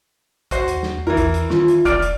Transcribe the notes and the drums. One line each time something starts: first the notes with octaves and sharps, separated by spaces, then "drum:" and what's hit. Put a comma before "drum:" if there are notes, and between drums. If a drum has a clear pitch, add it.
F#4 C5, drum: kick, hi-hat
D#2, drum: hi-hat
drum: snare
E2 E3 E4 A#4
drum: kick, hi-hat
drum: hi-hat
D#3 F4, drum: snare
drum: hi-hat
E1 D5 F6 D7, drum: kick, hi-hat
drum: hi-hat